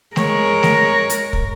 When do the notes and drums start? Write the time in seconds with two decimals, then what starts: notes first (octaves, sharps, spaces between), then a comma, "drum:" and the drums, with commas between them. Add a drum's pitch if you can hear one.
0.16 G#3 A#4 C#5, drum: snare
0.63 drum: snare
1.10 drum: hi-hat
1.33 drum: kick